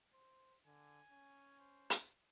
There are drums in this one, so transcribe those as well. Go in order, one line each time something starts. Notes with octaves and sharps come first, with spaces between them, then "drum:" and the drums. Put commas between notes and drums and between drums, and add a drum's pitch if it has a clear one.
C5
D3 G#5
C#4
C5
drum: hi-hat